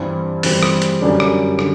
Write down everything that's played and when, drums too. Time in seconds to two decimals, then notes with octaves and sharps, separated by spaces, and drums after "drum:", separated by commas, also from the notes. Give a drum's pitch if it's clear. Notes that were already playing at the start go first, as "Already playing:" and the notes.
Already playing: G2 E3 G3 C4
0.43 G2 E3 G3 C4, drum: open hi-hat
0.63 drum: rim click
0.82 drum: hi-hat
1.01 F#2 D3 G3 D4 G4
1.20 drum: rim click
1.59 D3, drum: rim click